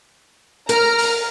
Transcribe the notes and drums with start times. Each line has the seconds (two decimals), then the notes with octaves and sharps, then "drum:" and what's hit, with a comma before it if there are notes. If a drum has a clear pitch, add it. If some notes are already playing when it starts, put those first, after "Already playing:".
0.69 A#4 A#5 F6, drum: hi-hat
0.99 drum: open hi-hat